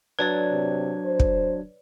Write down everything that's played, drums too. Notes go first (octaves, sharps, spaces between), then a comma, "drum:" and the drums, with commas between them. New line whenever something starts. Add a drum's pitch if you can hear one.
F#3 D4 B4 C#5 D5 G#6
C3
C5
drum: kick